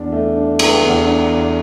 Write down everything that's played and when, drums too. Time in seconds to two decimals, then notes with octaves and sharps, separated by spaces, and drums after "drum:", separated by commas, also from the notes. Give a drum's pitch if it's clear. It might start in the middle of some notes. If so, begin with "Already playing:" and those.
Already playing: E2 D4
0.12 A3
0.36 D4
0.59 A3, drum: cymbal
0.82 E2
1.06 D4
1.30 E2